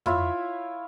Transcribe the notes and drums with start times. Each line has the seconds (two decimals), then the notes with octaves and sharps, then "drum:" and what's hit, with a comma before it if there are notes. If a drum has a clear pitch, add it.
0.06 E4 F4 C#5 E5, drum: tom F2